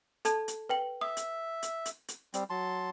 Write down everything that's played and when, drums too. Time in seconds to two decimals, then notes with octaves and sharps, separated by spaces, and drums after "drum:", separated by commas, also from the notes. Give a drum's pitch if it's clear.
0.25 A4 A5 G#6, drum: hi-hat
0.48 drum: hi-hat
0.69 B4 G5 F#7
1.01 E5 D#6
1.17 drum: hi-hat
1.63 drum: hi-hat
1.85 drum: hi-hat
2.08 drum: hi-hat
2.34 G3 C4, drum: hi-hat
2.50 F#3 A5 C6